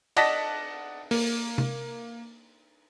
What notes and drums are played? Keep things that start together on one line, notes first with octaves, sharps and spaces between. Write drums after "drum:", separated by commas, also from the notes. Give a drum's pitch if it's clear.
D5 D#5 F#5 A5 A#6 B6, drum: cymbal
A#3, drum: open hi-hat
drum: tom C3